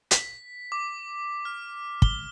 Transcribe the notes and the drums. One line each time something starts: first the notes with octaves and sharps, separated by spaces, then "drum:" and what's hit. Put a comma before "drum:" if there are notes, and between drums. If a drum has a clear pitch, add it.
B6, drum: hi-hat
D6
F6
G7, drum: kick